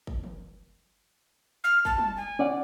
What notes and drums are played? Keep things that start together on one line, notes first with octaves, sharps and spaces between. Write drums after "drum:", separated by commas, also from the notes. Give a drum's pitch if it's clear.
drum: kick
drum: tom D#3
F6
A5, drum: kick
drum: tom G3
G#5
C#4 D5 F#5